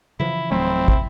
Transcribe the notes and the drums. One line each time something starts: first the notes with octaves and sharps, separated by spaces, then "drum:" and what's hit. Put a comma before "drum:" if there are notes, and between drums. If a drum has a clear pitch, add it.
C#3 E3 F3 E4
D1 F#3 A3 C4 E4
drum: kick